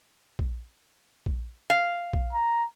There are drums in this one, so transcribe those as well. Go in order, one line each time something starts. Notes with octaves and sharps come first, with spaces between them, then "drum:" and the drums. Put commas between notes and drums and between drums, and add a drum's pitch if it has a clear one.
drum: kick A#1
drum: kick A#1
F5
drum: kick A#1
A#5